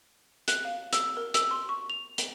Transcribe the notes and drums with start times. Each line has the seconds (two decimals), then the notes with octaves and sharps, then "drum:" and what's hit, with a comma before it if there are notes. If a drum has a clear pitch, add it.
0.48 F#6, drum: hi-hat
0.65 F5
0.93 E6, drum: hi-hat
1.17 A#4
1.34 E6, drum: hi-hat
1.51 C6
1.69 C#6
1.90 F7
2.18 drum: hi-hat